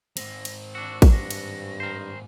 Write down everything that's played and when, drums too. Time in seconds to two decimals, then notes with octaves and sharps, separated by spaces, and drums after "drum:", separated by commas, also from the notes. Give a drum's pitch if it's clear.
0.17 G#2 C4 A#6, drum: cymbal
0.45 drum: cymbal
0.75 D4 F#4 E6
1.02 drum: kick A1, cymbal
1.13 G2 A#6
1.31 drum: cymbal
1.80 A#4 C5